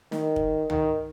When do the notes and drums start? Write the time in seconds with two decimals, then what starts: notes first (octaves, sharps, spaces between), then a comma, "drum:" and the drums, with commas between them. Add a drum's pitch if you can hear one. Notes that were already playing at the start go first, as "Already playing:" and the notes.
0.12 D#3, drum: snare
0.36 drum: kick
0.70 D#3, drum: tom C#2